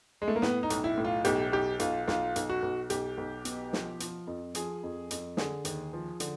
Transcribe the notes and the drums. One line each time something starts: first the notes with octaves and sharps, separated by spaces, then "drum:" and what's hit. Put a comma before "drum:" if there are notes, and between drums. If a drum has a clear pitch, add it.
G#3
A3
A#3
A2 B3, drum: snare
D#4
B1, drum: hi-hat
E4
A2
F4
B1 G4, drum: hi-hat
B1 G4
B1 F4, drum: hi-hat
B1 F4, drum: snare
B1, drum: hi-hat
F#4
B1
B1 G4, drum: hi-hat
B1
B2, drum: hi-hat
F3, drum: snare
F3, drum: hi-hat
F2
F3 G#4, drum: hi-hat
F2
F2, drum: hi-hat
D3 G#4, drum: snare
D#2, drum: hi-hat
F3
D3, drum: hi-hat